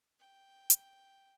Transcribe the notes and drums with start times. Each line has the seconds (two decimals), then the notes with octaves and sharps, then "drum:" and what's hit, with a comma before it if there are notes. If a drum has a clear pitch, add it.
0.20 G5
0.70 drum: hi-hat